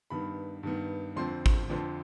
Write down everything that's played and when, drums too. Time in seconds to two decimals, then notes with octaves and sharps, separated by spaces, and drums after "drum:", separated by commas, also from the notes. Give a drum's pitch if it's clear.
0.10 G2 D#3 B3 B5
0.63 G2 D#3 B3
1.16 F2 D3 F3 C4 C6
1.46 drum: kick G#1
1.69 F2 D3 F3 C4